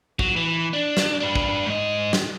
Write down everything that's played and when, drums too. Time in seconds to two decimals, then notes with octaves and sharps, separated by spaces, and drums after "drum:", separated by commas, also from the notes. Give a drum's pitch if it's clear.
0.19 F#3, drum: kick
0.36 E3
0.73 D4
0.97 drum: snare
1.20 D4 B4
1.35 drum: kick
1.66 G#2 D#5
2.13 drum: snare